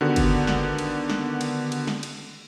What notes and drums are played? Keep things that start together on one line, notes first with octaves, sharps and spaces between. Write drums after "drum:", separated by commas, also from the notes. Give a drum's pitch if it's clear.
D3 D#3 B3 F#4 G4
drum: kick, cymbal
drum: snare
drum: cymbal
drum: snare
drum: cymbal
drum: cymbal
drum: snare
drum: cymbal